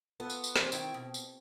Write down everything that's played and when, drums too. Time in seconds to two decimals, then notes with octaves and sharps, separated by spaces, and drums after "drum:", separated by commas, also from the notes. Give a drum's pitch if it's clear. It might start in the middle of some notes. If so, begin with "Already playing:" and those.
0.20 B3 F4 A4 B4
0.30 drum: tambourine
0.44 drum: tambourine
0.56 D#2 E3 C4 G4 C5, drum: snare
0.72 D#3 E4 G5, drum: tambourine
0.94 B2
1.14 drum: tambourine